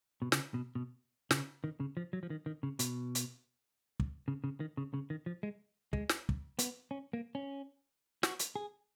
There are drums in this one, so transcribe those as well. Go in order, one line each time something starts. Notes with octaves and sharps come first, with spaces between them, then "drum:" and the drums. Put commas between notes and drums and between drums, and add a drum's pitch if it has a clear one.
B2
C#3, drum: snare
B2
B2
C#3, drum: snare
D#3
C#3
F3
F#3
F3
D#3
D#3
C#3
B2, drum: hi-hat
drum: hi-hat
drum: kick
C#3
C#3
D#3
C#3
C#3
D#3
F3
G#3
G#3, drum: kick
drum: snare
drum: kick
B3, drum: hi-hat
C#4
A#3
C#4
F#4, drum: snare
drum: hi-hat
G#4